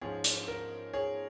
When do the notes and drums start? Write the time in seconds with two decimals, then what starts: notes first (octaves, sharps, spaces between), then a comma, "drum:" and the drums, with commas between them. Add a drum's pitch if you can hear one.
0.01 G#2 F3 C#4 G#4 C#5
0.24 drum: hi-hat
0.48 A#4
0.93 G#4 C#5